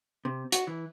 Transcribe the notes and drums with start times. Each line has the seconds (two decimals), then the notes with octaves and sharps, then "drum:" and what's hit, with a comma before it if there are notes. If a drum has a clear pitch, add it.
0.25 C3
0.52 F#4, drum: hi-hat
0.67 E3